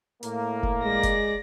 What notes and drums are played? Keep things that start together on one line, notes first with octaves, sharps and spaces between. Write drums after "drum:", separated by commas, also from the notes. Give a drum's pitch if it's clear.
A2 A#3, drum: hi-hat
drum: kick F1
G#3 D5 A#6
drum: kick F1, hi-hat